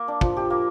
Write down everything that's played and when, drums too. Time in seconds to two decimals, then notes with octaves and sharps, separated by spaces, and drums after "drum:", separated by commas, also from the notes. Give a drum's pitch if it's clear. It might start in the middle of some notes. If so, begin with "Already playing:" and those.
Already playing: A#3
0.08 D4
0.21 F3, drum: kick
0.37 G4
0.50 A#3